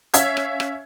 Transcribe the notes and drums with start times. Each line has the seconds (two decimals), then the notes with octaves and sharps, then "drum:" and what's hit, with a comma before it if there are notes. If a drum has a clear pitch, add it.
0.14 C#4 E5 F5 G#6, drum: hi-hat
0.37 drum: rim click
0.60 drum: rim click